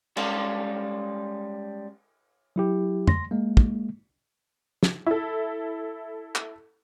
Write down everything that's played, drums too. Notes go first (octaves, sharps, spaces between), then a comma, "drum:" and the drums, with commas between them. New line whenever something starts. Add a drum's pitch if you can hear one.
G3 G#3 C#4 A4 F5, drum: cymbal
F#3 E4 G4
C6 A#6, drum: tom
G#3 A#3
drum: kick
drum: snare
E4 A4
drum: clap